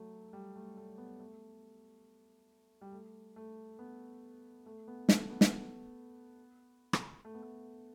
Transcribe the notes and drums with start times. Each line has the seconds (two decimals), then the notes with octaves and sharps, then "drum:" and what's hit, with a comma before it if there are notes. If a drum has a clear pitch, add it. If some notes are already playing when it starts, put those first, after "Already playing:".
Already playing: F#3 A3
0.33 G3
0.56 A3
0.77 A3
0.98 B3
1.20 A3
2.81 G3
2.92 A3
3.36 A3
3.79 B3
4.66 A3
4.88 B3
5.09 A3, drum: snare
5.30 B3
5.41 drum: snare
6.93 drum: rim click
7.25 A3
7.34 B3
7.43 A3